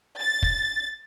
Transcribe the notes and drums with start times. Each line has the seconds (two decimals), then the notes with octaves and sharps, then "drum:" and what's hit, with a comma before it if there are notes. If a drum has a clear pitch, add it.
0.19 A6
0.43 drum: kick